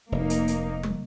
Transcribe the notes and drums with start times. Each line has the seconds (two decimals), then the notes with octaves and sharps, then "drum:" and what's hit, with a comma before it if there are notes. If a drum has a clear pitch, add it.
0.12 F1 A#3 D#4
0.30 drum: hi-hat
0.48 drum: hi-hat
0.83 drum: tom